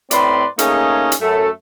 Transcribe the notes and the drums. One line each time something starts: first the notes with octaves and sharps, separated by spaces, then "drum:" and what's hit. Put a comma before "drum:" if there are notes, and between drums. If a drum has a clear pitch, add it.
A2 C4 B4 D5 B5 C6, drum: hi-hat
A3 A#3 C#4 D#4 G#4, drum: hi-hat
drum: hi-hat
F#2 A3 A4